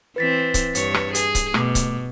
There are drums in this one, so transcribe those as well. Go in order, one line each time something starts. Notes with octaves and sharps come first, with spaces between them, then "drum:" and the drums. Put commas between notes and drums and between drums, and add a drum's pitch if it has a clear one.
E3 C4 B4 A6 B6
drum: kick C#1, hi-hat
G2 C#5, drum: hi-hat
drum: rim click
G#4, drum: hi-hat
drum: kick C#1, hi-hat
B2 A3 D6, drum: rim click
drum: kick C#1, hi-hat